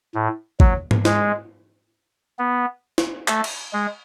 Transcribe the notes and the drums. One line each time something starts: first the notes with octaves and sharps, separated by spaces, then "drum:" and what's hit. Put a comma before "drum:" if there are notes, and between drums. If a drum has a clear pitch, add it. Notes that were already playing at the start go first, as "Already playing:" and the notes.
A2
F#3, drum: kick
drum: tom G#2
G#3, drum: snare
B3
drum: snare
A3, drum: clap
drum: cymbal
G#3